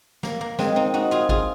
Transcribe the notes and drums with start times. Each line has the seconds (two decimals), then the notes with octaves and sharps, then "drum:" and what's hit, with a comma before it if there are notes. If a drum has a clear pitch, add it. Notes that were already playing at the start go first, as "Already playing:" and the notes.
0.23 A#3, drum: snare
0.41 A#3
0.59 G#3 C4, drum: snare
0.76 C4 D#4
0.94 D#4 F#4
1.11 F4 G#4
1.29 F4 G#4, drum: kick G#1